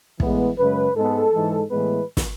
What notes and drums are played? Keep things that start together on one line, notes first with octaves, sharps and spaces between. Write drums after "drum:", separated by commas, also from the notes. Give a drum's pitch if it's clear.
A2 E3 G#3 B3, drum: kick
F#2 C#3 G#3 B4
G#2 G#3 B3 A4
G#2 E3 G#3
A2 E3 G#3 B3 B4
drum: snare